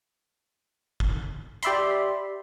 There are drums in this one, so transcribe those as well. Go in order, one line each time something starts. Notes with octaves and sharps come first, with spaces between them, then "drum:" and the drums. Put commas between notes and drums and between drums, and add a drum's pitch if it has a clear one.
drum: kick
G4 D5 E5 B5 C6, drum: hi-hat